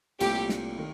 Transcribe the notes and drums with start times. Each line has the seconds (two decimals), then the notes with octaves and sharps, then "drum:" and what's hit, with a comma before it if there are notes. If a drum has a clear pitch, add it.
0.20 C2 A#2 A3 C4 G4, drum: cymbal
0.49 drum: snare
0.78 D#3